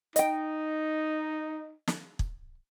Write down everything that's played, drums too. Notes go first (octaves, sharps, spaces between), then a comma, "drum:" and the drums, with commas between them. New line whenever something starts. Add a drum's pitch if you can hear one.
D#4 D#5 G5, drum: hi-hat
drum: snare
drum: kick